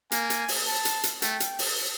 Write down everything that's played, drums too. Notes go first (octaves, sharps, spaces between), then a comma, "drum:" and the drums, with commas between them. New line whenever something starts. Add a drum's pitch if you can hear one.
A#3 G#5, drum: hi-hat
drum: hi-hat
drum: open hi-hat
A5
drum: hi-hat
drum: hi-hat
A3 G5, drum: hi-hat
drum: hi-hat
drum: open hi-hat